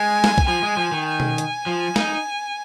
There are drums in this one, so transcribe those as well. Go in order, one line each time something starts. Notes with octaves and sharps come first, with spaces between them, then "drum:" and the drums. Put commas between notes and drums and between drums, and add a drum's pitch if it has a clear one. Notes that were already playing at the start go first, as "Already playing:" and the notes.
Already playing: G#3 G#5
drum: snare
drum: kick
F3 G#5
G#3
F3
D#3
G#5
drum: tom B2
drum: hi-hat
F3
D#4, drum: snare